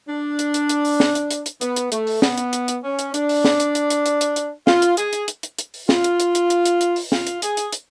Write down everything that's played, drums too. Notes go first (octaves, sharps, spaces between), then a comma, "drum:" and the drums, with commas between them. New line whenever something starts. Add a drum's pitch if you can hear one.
D4
drum: hi-hat
drum: hi-hat
drum: hi-hat
drum: open hi-hat
drum: snare
drum: hi-hat
drum: hi-hat
drum: hi-hat
B3, drum: hi-hat
drum: hi-hat
A3, drum: hi-hat
drum: open hi-hat
B3, drum: snare
drum: hi-hat
drum: hi-hat
drum: hi-hat
C#4
drum: hi-hat
D4, drum: hi-hat
drum: open hi-hat
drum: snare
drum: hi-hat
drum: hi-hat
drum: hi-hat
drum: hi-hat
drum: hi-hat
drum: hi-hat
F4, drum: snare
drum: hi-hat
G#4, drum: hi-hat
drum: hi-hat
drum: hi-hat
drum: hi-hat
drum: hi-hat
drum: open hi-hat
F4, drum: snare
drum: hi-hat
drum: hi-hat
drum: hi-hat
drum: hi-hat
drum: hi-hat
drum: hi-hat
drum: open hi-hat
F4, drum: snare
drum: hi-hat
G#4, drum: hi-hat
drum: hi-hat
drum: hi-hat